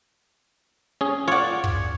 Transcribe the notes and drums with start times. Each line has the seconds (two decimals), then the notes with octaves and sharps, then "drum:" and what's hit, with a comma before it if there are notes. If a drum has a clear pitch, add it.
1.01 C#4 G#4
1.28 F4 C#5 D5 F#5
1.64 drum: kick